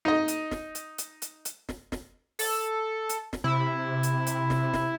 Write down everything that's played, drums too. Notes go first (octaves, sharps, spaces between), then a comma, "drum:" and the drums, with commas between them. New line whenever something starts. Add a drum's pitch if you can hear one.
D#4 D#5
drum: hi-hat
drum: snare
drum: hi-hat
drum: hi-hat
drum: hi-hat
drum: hi-hat
drum: snare
drum: snare
A4, drum: open hi-hat
drum: hi-hat
drum: snare
C3 E4
drum: hi-hat
drum: hi-hat
drum: snare
drum: snare